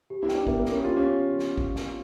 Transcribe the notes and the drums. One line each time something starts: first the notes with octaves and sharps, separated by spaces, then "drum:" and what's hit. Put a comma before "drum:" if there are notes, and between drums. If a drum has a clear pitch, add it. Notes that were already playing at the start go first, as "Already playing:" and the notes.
G4
E4
G5, drum: snare
D4
A#3 E5, drum: kick
A#3
A#4, drum: snare
C#4
F4 G4
C#4
drum: snare
drum: kick
drum: snare